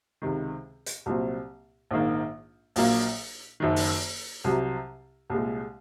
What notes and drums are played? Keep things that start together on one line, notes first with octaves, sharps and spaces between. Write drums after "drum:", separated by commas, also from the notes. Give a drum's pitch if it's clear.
C#2 C3 D#3
drum: hi-hat
C2 A#2 F#3 C4
A#1 G#2 D#3 A#3
A#1 A#2 F#3 A#3, drum: open hi-hat
F#1 F#2 D#3
drum: open hi-hat
C2 C3 F#3
C2 A#2 G#3